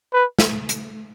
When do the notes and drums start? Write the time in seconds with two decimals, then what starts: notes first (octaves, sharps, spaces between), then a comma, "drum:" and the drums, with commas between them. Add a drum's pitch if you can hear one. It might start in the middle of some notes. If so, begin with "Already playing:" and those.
0.14 B4
0.39 drum: snare
0.69 drum: hi-hat